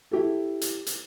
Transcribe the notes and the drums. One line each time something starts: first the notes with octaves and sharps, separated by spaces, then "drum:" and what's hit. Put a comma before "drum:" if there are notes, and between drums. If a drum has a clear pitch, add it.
E4 G4 A4
drum: hi-hat
drum: hi-hat